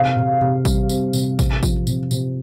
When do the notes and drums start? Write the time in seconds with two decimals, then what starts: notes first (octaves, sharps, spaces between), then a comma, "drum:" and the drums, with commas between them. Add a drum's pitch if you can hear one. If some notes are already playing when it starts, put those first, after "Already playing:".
Already playing: C3 F5
0.16 C3
0.41 C3
0.65 G3, drum: kick A1, tambourine
0.89 C4, drum: tambourine
1.13 C3, drum: tambourine
1.39 C3, drum: kick A1, tambourine
1.63 F3, drum: kick A1, tambourine
1.87 C3, drum: tambourine
2.11 C3, drum: tambourine